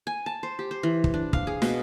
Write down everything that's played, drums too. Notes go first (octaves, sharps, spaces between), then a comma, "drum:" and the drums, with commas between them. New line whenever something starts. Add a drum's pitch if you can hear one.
G#5
A5
C5
G4
C5
E3
drum: kick
D4
F5, drum: kick
G#4
B2, drum: snare